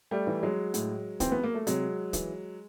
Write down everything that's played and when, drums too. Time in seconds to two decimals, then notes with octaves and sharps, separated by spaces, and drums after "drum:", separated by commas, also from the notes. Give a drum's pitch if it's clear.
0.11 G3 A3
0.27 E3
0.43 F#3 G#3
0.74 A2, drum: hi-hat
1.20 E3 C4, drum: kick, hi-hat
1.32 B3
1.43 A#3
1.55 A3
1.67 C3 F#3 G#3, drum: hi-hat
2.13 E3, drum: kick, hi-hat